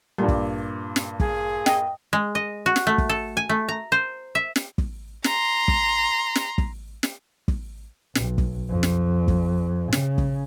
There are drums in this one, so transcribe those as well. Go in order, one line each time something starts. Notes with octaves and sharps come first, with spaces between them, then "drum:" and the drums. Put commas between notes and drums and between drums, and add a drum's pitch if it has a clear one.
G2 A#2 G3
drum: kick
drum: snare
G#4, drum: kick
D#5 G5, drum: snare
G#3
D#5
F#4
drum: snare
A3
drum: kick
A4
G#5
A3
A#5
C5
E5
drum: snare
drum: kick
A#5 C6, drum: snare
drum: kick
drum: snare
drum: kick
drum: snare
drum: kick
B1, drum: snare
drum: kick
F2
drum: snare
drum: kick
C#3, drum: snare
drum: kick